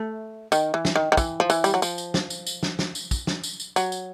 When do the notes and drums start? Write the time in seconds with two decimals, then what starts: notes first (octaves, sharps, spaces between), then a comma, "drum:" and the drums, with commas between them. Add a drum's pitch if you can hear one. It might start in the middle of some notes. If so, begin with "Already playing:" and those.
Already playing: A3
0.52 D#3, drum: tambourine
0.74 E3
0.85 drum: snare
0.96 D#3
1.12 D#3
1.17 E3, drum: kick, tambourine
1.40 F3
1.50 E3, drum: tambourine
1.64 G3, drum: tambourine
1.74 F#3
1.82 F3, drum: tambourine
1.98 drum: tambourine
2.14 drum: snare
2.30 drum: tambourine
2.46 drum: tambourine
2.63 drum: snare
2.79 drum: snare
2.95 drum: tambourine
3.11 drum: kick, tambourine
3.27 drum: snare
3.43 drum: tambourine
3.60 drum: tambourine
3.76 F#3, drum: tambourine
3.92 drum: tambourine